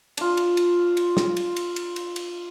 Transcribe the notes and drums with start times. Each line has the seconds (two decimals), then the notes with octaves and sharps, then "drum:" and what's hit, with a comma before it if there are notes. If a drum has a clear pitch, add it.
0.17 D4 F4, drum: cymbal
0.37 drum: cymbal
0.57 drum: cymbal
0.97 drum: cymbal
1.17 drum: snare
1.37 drum: cymbal
1.56 drum: cymbal
1.76 drum: cymbal
1.96 drum: cymbal
2.16 drum: cymbal